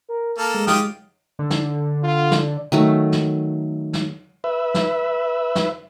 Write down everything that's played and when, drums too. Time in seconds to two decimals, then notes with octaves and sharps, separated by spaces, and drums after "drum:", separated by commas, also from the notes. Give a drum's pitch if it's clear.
0.09 A#4
0.38 A#3 A4 A5
0.55 G#3
0.67 F4 G4 D#6, drum: snare
1.39 D3
1.50 drum: snare
2.03 F4
2.31 drum: snare
2.72 D#3 F#3 A3
3.12 drum: snare
3.93 drum: snare
4.44 B4 E5
4.74 drum: snare
5.55 drum: snare